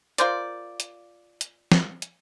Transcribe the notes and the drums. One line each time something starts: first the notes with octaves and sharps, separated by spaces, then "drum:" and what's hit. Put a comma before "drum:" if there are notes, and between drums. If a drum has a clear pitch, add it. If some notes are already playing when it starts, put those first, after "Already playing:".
F4 A#4 C5 D5, drum: hi-hat
drum: hi-hat
drum: hi-hat
drum: snare
drum: hi-hat